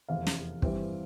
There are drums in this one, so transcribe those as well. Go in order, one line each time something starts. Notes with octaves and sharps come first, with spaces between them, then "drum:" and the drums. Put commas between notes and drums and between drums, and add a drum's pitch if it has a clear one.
F1 E2 C3 F5
drum: snare
G2 E3 G3 C4, drum: kick